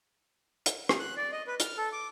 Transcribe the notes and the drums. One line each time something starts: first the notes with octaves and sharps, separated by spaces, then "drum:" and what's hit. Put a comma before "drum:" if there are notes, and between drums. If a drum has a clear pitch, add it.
drum: hi-hat
drum: rim click
F#6
D5
D#5
B4
F6, drum: hi-hat
A4
D6